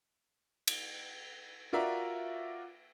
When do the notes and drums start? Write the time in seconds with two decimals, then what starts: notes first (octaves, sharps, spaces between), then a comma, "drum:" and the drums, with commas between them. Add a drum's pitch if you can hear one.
0.68 drum: cymbal
1.73 F4 F#4 A#4 D5 E5